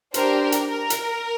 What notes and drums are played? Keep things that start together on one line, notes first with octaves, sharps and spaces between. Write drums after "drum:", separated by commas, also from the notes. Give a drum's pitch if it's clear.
D4 G4 A#4 C5, drum: hi-hat
A#4
drum: hi-hat
A#4
drum: hi-hat